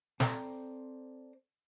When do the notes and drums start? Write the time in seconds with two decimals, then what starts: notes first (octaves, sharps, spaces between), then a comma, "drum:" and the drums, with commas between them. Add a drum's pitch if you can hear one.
0.20 C4 A4 C5 D5 G5 A#5, drum: snare